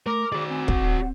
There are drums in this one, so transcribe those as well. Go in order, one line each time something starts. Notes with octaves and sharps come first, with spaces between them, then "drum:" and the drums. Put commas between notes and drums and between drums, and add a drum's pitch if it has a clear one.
A3 A#4 D6
F#4 G#4 C5 D5
C4 G#5
D#1 F#5, drum: kick